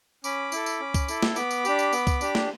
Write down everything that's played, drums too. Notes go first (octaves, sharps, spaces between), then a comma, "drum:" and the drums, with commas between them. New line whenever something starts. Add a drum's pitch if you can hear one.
C#4 B5 D6, drum: tambourine
E4 A4, drum: tambourine
drum: tambourine
C#4
drum: kick C#2, tambourine
E4 A4, drum: tambourine
drum: snare
B3 B5 D6, drum: tambourine
drum: tambourine
D4 G4, drum: tambourine
drum: tambourine
B3, drum: tambourine
drum: kick C#2, tambourine
D4 G4, drum: tambourine
drum: snare